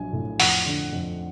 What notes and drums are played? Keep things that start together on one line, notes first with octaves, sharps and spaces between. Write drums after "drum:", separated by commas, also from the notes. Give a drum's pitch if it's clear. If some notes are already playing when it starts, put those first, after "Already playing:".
Already playing: A#1 F#3 G#5
A2
F2 F#5, drum: open hi-hat
D3
F2